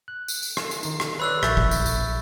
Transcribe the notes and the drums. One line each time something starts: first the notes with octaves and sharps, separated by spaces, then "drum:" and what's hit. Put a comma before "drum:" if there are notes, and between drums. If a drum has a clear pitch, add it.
F#6
drum: tambourine
drum: tambourine
drum: rim click
drum: tambourine
D#3 D#4, drum: tambourine
drum: rim click
B4 C#5 D5 B5 E6 F#6
A#1 E5 C#6 G6 A6, drum: rim click
drum: kick
drum: tambourine
drum: tambourine